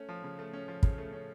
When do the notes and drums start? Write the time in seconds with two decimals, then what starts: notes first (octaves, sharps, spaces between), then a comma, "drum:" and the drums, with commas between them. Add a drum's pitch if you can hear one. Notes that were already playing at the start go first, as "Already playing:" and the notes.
Already playing: A3 C#4
0.09 F3
0.24 C#3
0.39 A3
0.53 C#4
0.68 F3
0.83 C#3, drum: kick
0.98 A3
1.13 C#4